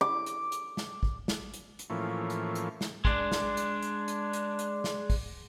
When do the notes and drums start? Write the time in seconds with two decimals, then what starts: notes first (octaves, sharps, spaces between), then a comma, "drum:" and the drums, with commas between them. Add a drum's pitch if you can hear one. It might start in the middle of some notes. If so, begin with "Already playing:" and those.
0.01 D6
0.26 drum: hi-hat
0.52 drum: hi-hat
0.77 drum: snare
1.03 drum: kick
1.28 drum: snare
1.54 drum: hi-hat
1.79 drum: hi-hat
1.90 A2 E3 F3 A#3 C#4
2.30 drum: hi-hat
2.55 drum: hi-hat
2.81 drum: snare
3.05 G#3 D4, drum: kick
3.32 drum: snare
3.57 drum: hi-hat
3.82 drum: hi-hat
4.08 drum: hi-hat
4.33 drum: hi-hat
4.59 drum: hi-hat
4.84 drum: snare
5.10 drum: kick, open hi-hat